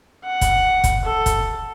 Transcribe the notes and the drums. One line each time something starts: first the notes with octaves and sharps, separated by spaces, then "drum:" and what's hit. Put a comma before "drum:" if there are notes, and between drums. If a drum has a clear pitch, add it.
F#5
drum: kick, hi-hat
drum: kick, hi-hat
A4
drum: kick, hi-hat